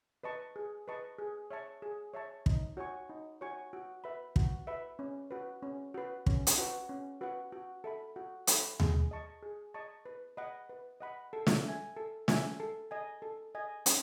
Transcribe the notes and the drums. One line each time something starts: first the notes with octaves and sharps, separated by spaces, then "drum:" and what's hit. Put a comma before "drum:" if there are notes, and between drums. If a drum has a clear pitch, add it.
B4 D#5 A5 C#6
G#4
B4 D#5 A5 C#6
G#4
C#5 E5 A5 C#6
G#4
C#5 E5 A5 C#6
D#4, drum: kick
F#4 C#5 G#5 C#6
D#4
F#4 C#5 G#5 C#6
F#4
B4 E5 B5
F#4, drum: kick
B4 E5 B5
C#4
F#4 B4
C#4
F#4 B4
C#4, drum: kick
drum: hi-hat
F#4 B4 F#5
C#4
F#4 B4 F#5
F#4
A4 E5 B5
F#4
A4 E5 B5, drum: hi-hat
G#4, drum: tom D#2
D#5 A5 C#6
G#4
D#5 A5 C#6
B4
D#5 F#5 B5
B4
D#5 F#5 B5
A4
drum: snare
E5 G#5
A4
E5 G#5, drum: snare
A4
D#5 G#5
A4
D#5 G#5
C#4, drum: hi-hat